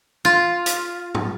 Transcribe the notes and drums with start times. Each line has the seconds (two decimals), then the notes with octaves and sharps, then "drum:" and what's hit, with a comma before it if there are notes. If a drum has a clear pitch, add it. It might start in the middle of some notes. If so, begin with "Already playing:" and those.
0.25 F4
0.66 drum: hi-hat
1.15 drum: tom G#2